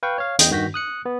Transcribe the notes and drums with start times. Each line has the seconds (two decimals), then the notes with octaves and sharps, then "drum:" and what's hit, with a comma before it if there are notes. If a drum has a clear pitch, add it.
0.03 B4 F5 G5 C#6
0.18 C#5 F5
0.39 E2 D#5 G5, drum: hi-hat
0.51 G2 D#3 F#4 G6 A#6 B6
0.74 D#6 F#6 C#7
1.06 B3